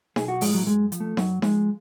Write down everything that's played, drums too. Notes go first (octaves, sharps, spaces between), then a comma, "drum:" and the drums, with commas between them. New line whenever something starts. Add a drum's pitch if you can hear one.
B1 G#4, drum: snare D#4
F#4
A2 F3 G#3, drum: open hi-hat
F#3
F#2 G#3
F3, drum: hi-hat
A3
F#2 F#3, drum: snare D#4
F3 G#3, drum: snare D#4